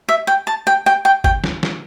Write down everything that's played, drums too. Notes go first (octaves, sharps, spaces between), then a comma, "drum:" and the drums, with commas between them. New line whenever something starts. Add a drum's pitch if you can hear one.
E5
G5
A5
G5
G5
G5
G5, drum: kick
drum: snare
drum: snare